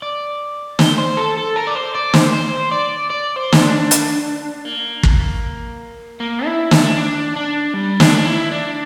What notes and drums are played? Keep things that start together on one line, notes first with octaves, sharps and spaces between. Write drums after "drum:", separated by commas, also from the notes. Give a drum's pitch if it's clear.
D5
C5, drum: snare
C5
A4
A4
A#4
D5
C5
D5
C5, drum: snare
C5
D5
D5
C5
drum: snare
D4
drum: hi-hat
A#3
drum: kick
A#3
E4
D4, drum: snare
D4
D4
G3
D4, drum: snare
E4
D4